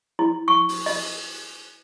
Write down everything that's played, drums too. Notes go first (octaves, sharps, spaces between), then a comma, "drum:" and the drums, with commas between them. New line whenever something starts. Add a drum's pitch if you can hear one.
E4
C#6
drum: open hi-hat
D#5, drum: open hi-hat